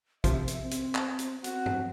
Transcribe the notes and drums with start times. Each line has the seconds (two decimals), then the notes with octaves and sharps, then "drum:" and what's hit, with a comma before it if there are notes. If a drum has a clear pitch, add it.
0.24 C3 F3 E5, drum: kick, hi-hat
0.48 drum: hi-hat
0.62 C4
0.71 drum: hi-hat
0.95 drum: clap
1.19 drum: hi-hat
1.44 C4 F#4, drum: hi-hat
1.66 drum: tom G2